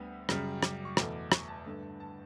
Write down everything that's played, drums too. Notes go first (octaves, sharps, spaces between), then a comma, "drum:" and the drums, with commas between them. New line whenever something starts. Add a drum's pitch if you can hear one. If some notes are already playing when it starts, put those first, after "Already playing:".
Already playing: D2 D3 G3 B3
F#2 C#3 G3, drum: rim click
D6, drum: rim click
C#6
E2 B2 A3 D6, drum: rim click
C#6, drum: rim click
A5
G2 D3 A3
A5